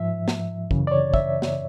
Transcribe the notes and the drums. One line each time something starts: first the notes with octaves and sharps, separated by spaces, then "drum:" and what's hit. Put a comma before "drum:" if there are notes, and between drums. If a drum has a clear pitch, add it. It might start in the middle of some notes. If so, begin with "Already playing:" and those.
Already playing: G#2 F3 E5
drum: snare
F#2 C#3 E3, drum: kick
D5
C#5
E5, drum: kick
drum: snare